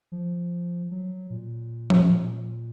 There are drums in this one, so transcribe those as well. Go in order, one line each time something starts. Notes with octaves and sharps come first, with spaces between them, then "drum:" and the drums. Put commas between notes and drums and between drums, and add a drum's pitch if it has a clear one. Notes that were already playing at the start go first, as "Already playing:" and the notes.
F3
F#3
A#2
drum: tom F3
A#2